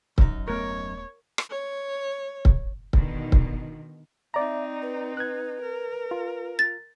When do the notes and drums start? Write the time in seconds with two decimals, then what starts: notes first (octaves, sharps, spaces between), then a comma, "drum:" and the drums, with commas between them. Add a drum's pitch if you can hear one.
0.18 F#2 D#4, drum: kick C#1
0.48 D#1 A3 B3 A#4 C#5
1.38 drum: rim click
1.50 C#5
2.45 drum: kick C#1
2.93 B2 D3 D#3, drum: kick C#1
3.32 drum: kick C#1
4.34 C4 D#4 D5 E5 A#5
4.82 B4
5.17 B4 F#6 G#6
5.61 A#4
6.11 F4
6.59 A6